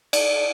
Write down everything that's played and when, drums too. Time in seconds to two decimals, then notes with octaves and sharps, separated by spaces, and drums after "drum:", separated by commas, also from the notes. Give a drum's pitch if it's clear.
0.13 D5, drum: cymbal